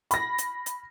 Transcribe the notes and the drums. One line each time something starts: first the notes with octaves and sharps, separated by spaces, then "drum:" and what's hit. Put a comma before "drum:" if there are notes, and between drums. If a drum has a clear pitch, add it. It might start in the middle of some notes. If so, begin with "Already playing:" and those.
B5 A#6, drum: hi-hat
drum: hi-hat
drum: hi-hat